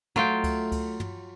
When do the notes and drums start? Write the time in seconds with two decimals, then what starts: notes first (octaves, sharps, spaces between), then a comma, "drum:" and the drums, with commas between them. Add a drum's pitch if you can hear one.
0.16 F#3 A3 F4 G5, drum: tom
0.44 drum: kick C#2, cymbal
0.72 drum: kick C#2, cymbal
1.00 drum: tom